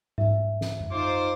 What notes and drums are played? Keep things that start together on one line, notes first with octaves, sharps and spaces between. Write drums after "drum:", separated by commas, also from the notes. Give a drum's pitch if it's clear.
E5, drum: tom G#2
drum: snare
drum: tom
D#4 F4 C5 D6